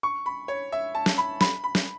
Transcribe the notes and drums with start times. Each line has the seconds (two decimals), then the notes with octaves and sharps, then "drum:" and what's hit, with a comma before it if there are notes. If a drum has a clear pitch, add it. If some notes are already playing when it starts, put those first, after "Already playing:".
0.03 C#6
0.26 B5
0.48 C#5
0.72 E5
0.95 A5
1.06 drum: snare
1.18 B5
1.41 B5, drum: snare
1.64 B5
1.75 drum: snare